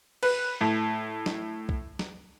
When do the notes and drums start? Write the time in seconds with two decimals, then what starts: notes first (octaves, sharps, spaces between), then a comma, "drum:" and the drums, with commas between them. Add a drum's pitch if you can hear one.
0.23 B4, drum: cymbal
0.61 A2
1.26 drum: snare
1.69 drum: kick
1.99 drum: snare